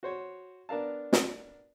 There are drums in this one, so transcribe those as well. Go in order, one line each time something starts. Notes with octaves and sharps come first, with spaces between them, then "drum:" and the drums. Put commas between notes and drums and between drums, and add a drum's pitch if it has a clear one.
F#4 C5 C#5
B3 D4 A#4 F5 A5
drum: snare